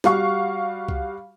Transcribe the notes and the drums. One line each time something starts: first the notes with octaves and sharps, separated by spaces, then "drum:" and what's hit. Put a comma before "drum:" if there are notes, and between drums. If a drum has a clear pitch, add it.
G3 F#4 F5 C#6, drum: snare
drum: kick C2